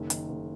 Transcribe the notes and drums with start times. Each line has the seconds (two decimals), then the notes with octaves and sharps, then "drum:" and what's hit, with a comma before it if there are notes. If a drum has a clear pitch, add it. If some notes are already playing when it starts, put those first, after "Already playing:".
Already playing: F#1 D#3
0.10 D#3, drum: hi-hat
0.29 F#1